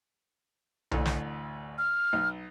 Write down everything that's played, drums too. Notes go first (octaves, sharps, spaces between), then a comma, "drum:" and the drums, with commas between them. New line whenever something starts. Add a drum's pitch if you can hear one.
A1 D2 A3, drum: tom B1
drum: snare
F6
B1